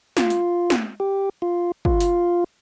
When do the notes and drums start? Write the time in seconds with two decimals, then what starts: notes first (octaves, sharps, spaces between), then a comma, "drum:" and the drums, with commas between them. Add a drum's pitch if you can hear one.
0.17 F4, drum: snare
0.30 drum: hi-hat
0.70 drum: snare
1.00 G4
1.42 F4
1.85 F4, drum: kick
2.00 drum: hi-hat